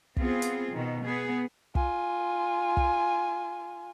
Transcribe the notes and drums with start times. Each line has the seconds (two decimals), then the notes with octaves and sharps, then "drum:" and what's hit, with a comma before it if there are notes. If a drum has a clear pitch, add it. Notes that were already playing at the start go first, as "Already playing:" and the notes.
0.17 B3 C4 F4 G#4, drum: kick
0.42 drum: hi-hat
0.72 B2 D#3
1.05 B3 G#4
1.75 F4 G#5, drum: kick
2.77 drum: kick